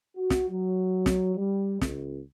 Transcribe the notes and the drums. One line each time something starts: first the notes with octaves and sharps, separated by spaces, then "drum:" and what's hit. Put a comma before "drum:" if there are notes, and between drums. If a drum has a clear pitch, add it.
F#4
drum: snare
F#3
drum: snare
G3
C#2, drum: snare